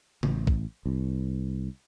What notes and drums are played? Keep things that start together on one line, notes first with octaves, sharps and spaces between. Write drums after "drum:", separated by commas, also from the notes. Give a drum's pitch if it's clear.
A1, drum: tom C#3
drum: kick
C2